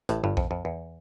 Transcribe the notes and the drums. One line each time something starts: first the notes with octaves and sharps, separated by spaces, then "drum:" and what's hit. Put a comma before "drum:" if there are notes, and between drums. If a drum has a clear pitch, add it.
A1 A2, drum: hi-hat
G1 G2
F2, drum: kick A#1
F2
E2